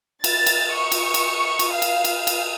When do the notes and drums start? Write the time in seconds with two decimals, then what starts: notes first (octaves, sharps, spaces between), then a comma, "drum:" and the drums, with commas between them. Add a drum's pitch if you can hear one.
0.24 A6, drum: cymbal
0.46 drum: cymbal
0.76 C#6
0.92 drum: cymbal
1.14 drum: cymbal
1.59 drum: cymbal
1.73 F5
1.82 drum: cymbal
2.04 drum: cymbal
2.27 drum: cymbal